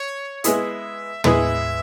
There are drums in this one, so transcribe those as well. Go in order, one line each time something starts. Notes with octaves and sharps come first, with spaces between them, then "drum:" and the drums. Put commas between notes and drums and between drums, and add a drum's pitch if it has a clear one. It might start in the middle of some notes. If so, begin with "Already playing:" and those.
Already playing: C#5
G#3 B3 E4 G#4 E5, drum: hi-hat
G#3 B3 E4 G#4 E5, drum: tom